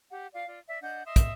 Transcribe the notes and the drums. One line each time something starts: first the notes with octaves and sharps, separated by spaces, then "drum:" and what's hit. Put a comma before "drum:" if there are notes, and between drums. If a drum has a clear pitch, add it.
G4 F#5
F4 D5 F5
F4 D5
D5 E5
D4 D#5 F#5 G6
D#5 E5 C6 D#6
drum: kick, hi-hat